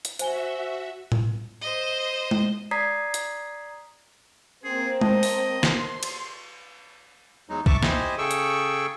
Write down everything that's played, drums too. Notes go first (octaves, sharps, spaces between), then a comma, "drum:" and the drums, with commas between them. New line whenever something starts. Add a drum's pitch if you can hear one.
drum: hi-hat
F#4 C5 E5 G#5 G7, drum: hi-hat
drum: tom A2
C5 D#5
drum: tom G#3
D5 A#5 D#6 G#6 B6 C7
drum: hi-hat
A#3 C4 G#4
C5 D#5 A5, drum: tom G#3
drum: open hi-hat
C6, drum: snare
drum: cymbal
E2 F#3 G#3 D#4
E5 A5 C#6 D6, drum: kick B1
E4 G4 C5 D#5 G#5, drum: snare
C#3 G#4 A4 G5 C#6 E6
drum: hi-hat